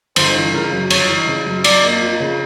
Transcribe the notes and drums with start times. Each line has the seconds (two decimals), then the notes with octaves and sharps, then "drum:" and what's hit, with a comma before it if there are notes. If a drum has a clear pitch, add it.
0.16 G1 C5, drum: cymbal
0.36 E3
0.53 C#3 A#4
0.72 F#2
0.90 G1 C#5, drum: cymbal
1.09 E3
1.27 C#3
1.46 F#2
1.64 F#2 D5, drum: cymbal
1.83 A#3
2.01 F3
2.20 C#3